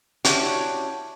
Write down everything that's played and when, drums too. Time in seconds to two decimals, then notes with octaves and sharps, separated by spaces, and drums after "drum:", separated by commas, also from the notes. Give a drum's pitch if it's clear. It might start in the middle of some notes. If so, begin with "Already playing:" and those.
0.25 C#4 D4 E4 F#4 G4 C#5, drum: hi-hat